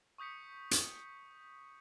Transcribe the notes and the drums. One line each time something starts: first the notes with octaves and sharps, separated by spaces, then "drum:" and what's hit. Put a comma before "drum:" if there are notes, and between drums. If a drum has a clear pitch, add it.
C#6 D#6 G6 B6 C#7
drum: hi-hat